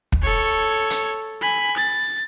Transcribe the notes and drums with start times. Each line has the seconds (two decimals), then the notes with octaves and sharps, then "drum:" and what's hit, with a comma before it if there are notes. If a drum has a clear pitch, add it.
0.12 drum: kick
0.23 A4 C#5
0.90 drum: hi-hat
1.41 G#5 B5
1.77 A6